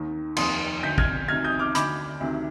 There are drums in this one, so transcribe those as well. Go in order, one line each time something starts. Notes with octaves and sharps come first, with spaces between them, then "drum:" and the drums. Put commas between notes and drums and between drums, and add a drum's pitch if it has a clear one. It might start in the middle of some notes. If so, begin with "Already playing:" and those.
Already playing: D#2 D#3
F1 D#2 D#3 C6 D#6, drum: cymbal
D2 D3 G6 B6
F6 G#6, drum: kick
D2 C3 D#3 F6 G#6
D#6 G6
D6 F6
D2 D3 B5 D6, drum: hi-hat
D2 C3 D#3